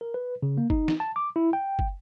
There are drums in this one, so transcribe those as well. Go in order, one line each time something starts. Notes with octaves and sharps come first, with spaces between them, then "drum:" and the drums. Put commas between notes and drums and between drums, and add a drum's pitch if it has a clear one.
A#4
B4
C#3
A#3
D#4, drum: kick
drum: snare
A5
D6
E4
G5
drum: kick